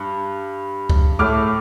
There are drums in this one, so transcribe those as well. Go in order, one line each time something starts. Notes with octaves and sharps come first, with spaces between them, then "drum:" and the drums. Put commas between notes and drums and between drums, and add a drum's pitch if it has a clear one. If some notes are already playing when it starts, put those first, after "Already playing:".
Already playing: G2
drum: kick C#2
A2 A3 D6 F6